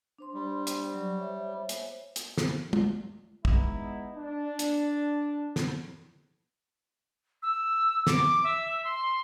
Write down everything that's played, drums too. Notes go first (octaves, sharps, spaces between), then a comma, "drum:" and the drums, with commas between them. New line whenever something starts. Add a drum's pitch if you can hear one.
D4 C5 C6
G3
drum: hi-hat
F#3 D5 C#6
C5 C#5 E5
drum: hi-hat
drum: hi-hat
drum: snare
drum: tom
G#3 B3 D#4 E4, drum: kick
D4
drum: hi-hat
drum: snare
E6
D6, drum: snare
E5
C6